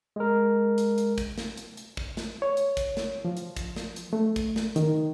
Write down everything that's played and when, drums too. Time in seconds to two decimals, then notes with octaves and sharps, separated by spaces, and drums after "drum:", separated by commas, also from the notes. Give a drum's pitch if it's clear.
0.16 G#3 A#4
0.78 drum: hi-hat
0.98 drum: hi-hat
1.18 drum: kick, hi-hat
1.38 drum: snare
1.57 drum: hi-hat
1.77 drum: hi-hat
1.97 drum: kick
2.17 drum: snare
2.42 C#5
2.57 drum: hi-hat
2.77 drum: kick, hi-hat
2.97 drum: snare
3.25 F3
3.37 drum: hi-hat
3.57 drum: kick, hi-hat
3.76 drum: snare
3.96 drum: hi-hat
4.13 A3
4.36 drum: kick, hi-hat
4.56 drum: snare
4.76 D#3, drum: hi-hat